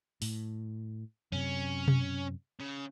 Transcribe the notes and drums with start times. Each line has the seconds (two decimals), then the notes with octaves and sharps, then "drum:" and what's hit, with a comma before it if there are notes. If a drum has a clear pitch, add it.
0.22 A2, drum: open hi-hat
1.32 F#2 C3 C#4
1.88 drum: tom B2
2.60 C#3